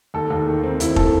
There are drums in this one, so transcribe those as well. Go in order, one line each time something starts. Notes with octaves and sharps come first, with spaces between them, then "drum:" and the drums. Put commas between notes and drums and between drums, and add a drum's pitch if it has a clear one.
D#2 A4
D#2
D#3
D#3 C4
D#2 E4, drum: hi-hat
A4, drum: kick